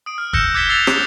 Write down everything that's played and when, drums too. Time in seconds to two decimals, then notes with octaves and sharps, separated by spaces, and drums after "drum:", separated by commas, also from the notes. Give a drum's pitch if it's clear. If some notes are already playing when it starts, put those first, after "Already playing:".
0.06 D#6 D7
0.18 F6
0.33 E6 F#6 G6 A#6 C#7 E7, drum: kick
0.54 D6 F#6 G#6 B6 E7 G7
0.69 E6 A6 C7 F7
0.87 D6 G6, drum: rim click